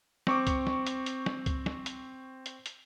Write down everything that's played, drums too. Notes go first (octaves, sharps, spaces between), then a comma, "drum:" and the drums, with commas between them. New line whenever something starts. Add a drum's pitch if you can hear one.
C4 C#6 D6, drum: snare
drum: kick C#2, hi-hat
drum: snare
drum: hi-hat
drum: hi-hat
drum: snare
drum: kick C#2, hi-hat
drum: snare
drum: hi-hat
drum: hi-hat
drum: hi-hat